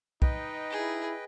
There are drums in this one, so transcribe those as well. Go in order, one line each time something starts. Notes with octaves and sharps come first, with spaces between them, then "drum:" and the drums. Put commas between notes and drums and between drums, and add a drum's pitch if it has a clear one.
D#4 B4 D#5 G5, drum: kick
E4 G#4